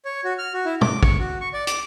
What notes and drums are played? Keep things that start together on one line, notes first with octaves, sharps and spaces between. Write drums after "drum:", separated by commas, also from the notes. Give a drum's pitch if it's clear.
C#5
F#4
F6
F#4
E4
D6, drum: tom
C#6, drum: kick
F#4
C#6
D5
D6, drum: hi-hat